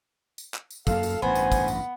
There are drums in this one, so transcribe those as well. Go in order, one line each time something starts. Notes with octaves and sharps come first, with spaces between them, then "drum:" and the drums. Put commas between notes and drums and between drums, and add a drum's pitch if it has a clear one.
drum: tambourine
drum: clap
drum: tambourine
F#2 F#3 A#3 A4 F5, drum: kick, tambourine
drum: tambourine
A1 G2 B3 C5 G#5
drum: tambourine
drum: kick, tambourine
drum: tambourine